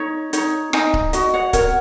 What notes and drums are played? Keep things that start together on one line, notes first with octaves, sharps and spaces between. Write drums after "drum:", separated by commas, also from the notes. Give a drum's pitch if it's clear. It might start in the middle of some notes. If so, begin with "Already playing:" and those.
Already playing: D#4 C#5
D#4 C#5, drum: hi-hat
D#4 D#5 G#5, drum: rim click
drum: kick C#1
F#4 D#5, drum: hi-hat
C#5 F#5
A#4 C#5 F#5, drum: kick C#1, hi-hat